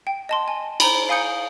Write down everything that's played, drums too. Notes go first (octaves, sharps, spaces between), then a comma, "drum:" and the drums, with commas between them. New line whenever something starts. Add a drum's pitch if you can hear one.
G5
D#5 A5 C6
G#5
C5 A#5 B5, drum: cymbal
F5 G#5 D#6 G6 C#7